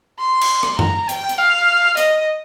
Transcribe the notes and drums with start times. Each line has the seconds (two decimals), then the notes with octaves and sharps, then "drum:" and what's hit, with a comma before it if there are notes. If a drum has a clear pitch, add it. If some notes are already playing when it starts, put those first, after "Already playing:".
0.19 C6
0.41 drum: cymbal
0.63 drum: rim click
0.79 A#5, drum: tom F#2
1.09 G5, drum: hi-hat
1.29 drum: hi-hat
1.38 F5
1.97 D#5, drum: hi-hat